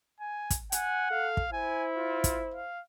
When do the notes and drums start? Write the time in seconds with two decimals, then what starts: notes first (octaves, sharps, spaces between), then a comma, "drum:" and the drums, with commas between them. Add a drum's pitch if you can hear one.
0.20 G#5
0.50 drum: kick, hi-hat
0.72 F#5 G#5, drum: hi-hat
1.11 A4 F5
1.37 drum: kick
1.53 E4 C5 G#5
1.97 F4
2.24 drum: kick, hi-hat
2.54 F5